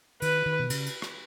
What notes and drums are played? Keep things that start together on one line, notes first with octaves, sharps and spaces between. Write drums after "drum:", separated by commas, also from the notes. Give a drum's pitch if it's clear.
D#3 B4, drum: cymbal
D#3
B2
C#3, drum: cymbal
drum: cymbal
drum: rim click